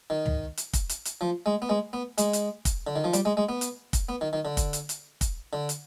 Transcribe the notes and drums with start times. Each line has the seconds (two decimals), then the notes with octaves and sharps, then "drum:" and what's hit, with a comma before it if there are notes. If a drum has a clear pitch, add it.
0.10 D#3
0.26 drum: tom
0.57 drum: hi-hat
0.73 drum: kick, hi-hat
0.89 drum: hi-hat
1.05 drum: hi-hat
1.21 F3
1.46 G#3
1.62 B3
1.69 G#3
1.93 B3
2.18 G#3, drum: hi-hat
2.33 drum: hi-hat
2.65 drum: kick, hi-hat
2.87 D3
2.96 D#3
3.04 F3
3.13 G3, drum: hi-hat
3.25 G#3
3.37 G#3
3.49 B3
3.61 drum: hi-hat
3.93 drum: kick, hi-hat
4.09 B3
4.21 D#3
4.33 D#3
4.45 D3
4.57 drum: kick, hi-hat
4.73 drum: hi-hat
4.89 drum: hi-hat
5.21 drum: kick, hi-hat
5.53 D3
5.69 drum: hi-hat